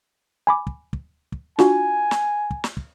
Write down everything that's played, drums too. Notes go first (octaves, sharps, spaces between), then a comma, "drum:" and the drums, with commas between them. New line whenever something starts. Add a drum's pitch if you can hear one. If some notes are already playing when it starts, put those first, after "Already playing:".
G#5 B5 D6
drum: kick
drum: kick
drum: kick
D4 F4 F#4 G#5, drum: snare
drum: snare
drum: kick
drum: snare
drum: kick